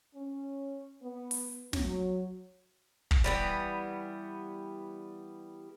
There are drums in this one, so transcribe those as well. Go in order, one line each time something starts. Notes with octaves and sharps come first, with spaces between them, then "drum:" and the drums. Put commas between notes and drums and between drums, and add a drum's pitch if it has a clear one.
C#4
B3
drum: open hi-hat
F#3, drum: snare
drum: kick
E3 G3 B3